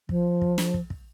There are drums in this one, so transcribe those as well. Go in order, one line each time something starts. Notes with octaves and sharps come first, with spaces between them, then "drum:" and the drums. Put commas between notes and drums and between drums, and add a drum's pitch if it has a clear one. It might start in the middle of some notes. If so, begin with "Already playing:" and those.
F3, drum: kick
drum: kick
drum: snare
drum: kick
drum: kick